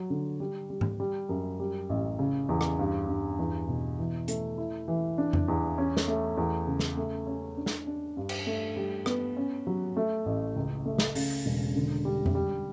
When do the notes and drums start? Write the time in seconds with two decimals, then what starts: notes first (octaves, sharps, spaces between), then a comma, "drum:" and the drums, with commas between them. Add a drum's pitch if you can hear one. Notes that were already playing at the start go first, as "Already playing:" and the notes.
Already playing: F#3
0.10 D3
0.40 G3
0.70 G3
0.81 drum: tom G#2
1.00 G3
1.29 F#2
1.60 G3
1.89 A1
2.19 C#3
2.49 E2
2.61 drum: rim click
2.79 G2
3.09 G2
3.39 E2
3.68 B2
3.99 E3
4.28 A3, drum: hi-hat
4.58 E4
4.88 E3
5.18 D4
5.33 drum: tom F2
5.48 E2
5.78 C#4
5.97 drum: snare
6.08 A3
6.37 E2
6.67 C#3
6.79 drum: snare
6.97 A3
7.27 C#4
7.57 D4
7.66 drum: snare
7.87 D4
8.17 G2
8.29 drum: cymbal
8.47 A3
8.77 G3
9.06 B3, drum: rim click
9.37 C#4
9.67 F#3
9.97 A3
10.26 A1
10.56 C#2
10.86 A3
10.98 drum: snare
11.15 C#3, drum: open hi-hat
11.46 E1
11.76 D3
12.05 G3
12.26 drum: tom F2
12.35 G3